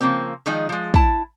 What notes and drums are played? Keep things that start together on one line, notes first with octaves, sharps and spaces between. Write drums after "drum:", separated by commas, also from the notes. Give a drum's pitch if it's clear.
C#3 F3 A#3 C4
D#3 F3 G#3 D#4 G#4
F3 G#3
E4 A5, drum: kick